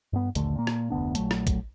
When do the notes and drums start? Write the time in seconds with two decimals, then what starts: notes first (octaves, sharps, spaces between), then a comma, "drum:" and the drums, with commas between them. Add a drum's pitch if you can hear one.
0.13 G2 B3
0.35 A#1 D#2 D3 A3, drum: hi-hat
0.56 A#2 A#3
0.67 drum: rim click
0.90 F1 D2 B3 D4
1.15 A#1 F#3 A3, drum: hi-hat
1.31 drum: rim click
1.47 drum: kick, hi-hat